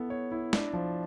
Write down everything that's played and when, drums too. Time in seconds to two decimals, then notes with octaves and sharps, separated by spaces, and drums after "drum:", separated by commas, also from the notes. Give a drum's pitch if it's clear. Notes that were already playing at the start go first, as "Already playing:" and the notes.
Already playing: B3 E4 A4
0.10 C#5
0.31 E4
0.53 D4, drum: snare
0.73 F3